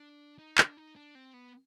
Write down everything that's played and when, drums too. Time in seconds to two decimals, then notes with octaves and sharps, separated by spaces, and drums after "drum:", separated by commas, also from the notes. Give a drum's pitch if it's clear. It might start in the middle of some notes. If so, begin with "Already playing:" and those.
Already playing: D4
0.39 D#4
0.58 D4, drum: clap
0.77 D#4
0.95 D4
1.15 C4
1.34 B3